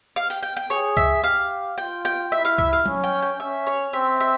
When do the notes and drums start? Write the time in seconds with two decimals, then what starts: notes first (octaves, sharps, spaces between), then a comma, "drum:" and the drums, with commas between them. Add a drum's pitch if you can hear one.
0.16 F5
0.30 G5, drum: open hi-hat
0.43 G5
0.57 G5
0.70 G#4 C#5
0.97 E5, drum: kick C#2
1.24 G4 F5
1.78 F4 G5
2.05 G5
2.32 E4 E5
2.45 F5
2.58 E5, drum: kick C#2
2.73 F5
2.86 C#4, drum: tom F#3
3.04 G5
3.22 G5
3.40 C#4 E5
3.67 C#5
3.93 C4 E5
4.21 E5